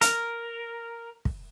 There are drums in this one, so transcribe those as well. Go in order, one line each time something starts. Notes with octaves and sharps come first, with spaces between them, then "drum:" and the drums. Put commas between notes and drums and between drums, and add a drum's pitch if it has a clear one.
A#4, drum: hi-hat
drum: kick